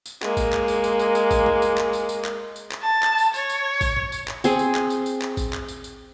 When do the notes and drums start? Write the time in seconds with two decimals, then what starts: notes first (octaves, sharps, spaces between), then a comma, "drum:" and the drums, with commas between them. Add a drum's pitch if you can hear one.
0.06 drum: tambourine
0.22 G#3 A#3, drum: clap
0.37 drum: kick A1, tambourine
0.52 drum: clap
0.68 drum: tambourine
0.84 drum: tambourine
0.99 drum: tambourine
1.15 drum: tambourine
1.31 drum: kick A1, tambourine
1.46 drum: tom
1.62 drum: tambourine
1.78 drum: clap
1.93 drum: tambourine
2.09 drum: tambourine
2.24 drum: clap
2.56 drum: tambourine
2.71 drum: clap
2.82 A5
3.03 drum: clap
3.18 drum: tambourine
3.34 C#5, drum: tambourine
3.50 drum: tambourine
3.81 drum: kick A1, tambourine
3.96 drum: tom G#2
4.12 drum: tambourine
4.28 drum: clap
4.44 C4 G#4, drum: tambourine
4.59 drum: tambourine
4.75 drum: clap
4.90 drum: tambourine
5.06 drum: tambourine
5.22 drum: clap
5.37 drum: kick A1, tambourine
5.53 drum: clap
5.68 drum: tambourine
5.84 drum: tambourine